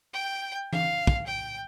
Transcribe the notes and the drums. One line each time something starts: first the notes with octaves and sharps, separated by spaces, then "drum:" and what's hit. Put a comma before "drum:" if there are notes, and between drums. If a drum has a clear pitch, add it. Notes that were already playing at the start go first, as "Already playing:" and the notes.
G5
F5, drum: tom E3
drum: kick
G5